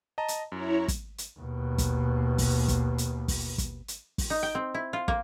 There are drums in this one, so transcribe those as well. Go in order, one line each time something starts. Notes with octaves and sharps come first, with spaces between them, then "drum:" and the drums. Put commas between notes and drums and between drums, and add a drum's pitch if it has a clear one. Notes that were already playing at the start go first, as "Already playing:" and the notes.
D#5 A5 A#5
drum: hi-hat
F#2 E4 C#5 A#5
drum: kick, hi-hat
drum: hi-hat
D#2 B2
drum: kick, hi-hat
drum: kick, open hi-hat
drum: kick, hi-hat
drum: hi-hat
drum: kick, open hi-hat
drum: kick, hi-hat
drum: hi-hat
drum: kick, open hi-hat
D#4
G5
C4
E4
F4
A#3, drum: kick